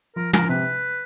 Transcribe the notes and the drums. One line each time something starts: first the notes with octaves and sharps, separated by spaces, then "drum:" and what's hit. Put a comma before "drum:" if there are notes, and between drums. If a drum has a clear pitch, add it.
F3 A#4
F3 A#4, drum: tom
C3 B4